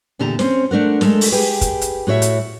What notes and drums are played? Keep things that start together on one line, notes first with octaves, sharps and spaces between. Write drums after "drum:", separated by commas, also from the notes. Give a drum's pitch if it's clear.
E2 A#2 D3 G4 A5 A#5
C4 C#4 C5, drum: snare
A3 D4 A#4 F#5
G#3 A3 A4 A#4, drum: snare
drum: open hi-hat
G4 G#4 B4 G5
drum: kick, hi-hat
drum: hi-hat
A2 F#4 C#5 E5 A5
drum: hi-hat